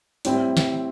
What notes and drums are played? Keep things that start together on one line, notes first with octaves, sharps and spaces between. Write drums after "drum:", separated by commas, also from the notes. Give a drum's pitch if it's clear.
A2 G3 C4 E4, drum: hi-hat
drum: snare